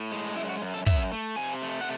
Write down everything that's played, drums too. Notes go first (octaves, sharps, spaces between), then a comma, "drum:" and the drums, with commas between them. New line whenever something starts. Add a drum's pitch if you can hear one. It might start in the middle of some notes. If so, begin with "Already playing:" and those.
Already playing: A2
G#3
F#2 E4
F#4
F#2
A4
F#2 E5, drum: kick
A3
C3 G#5
A3
F#5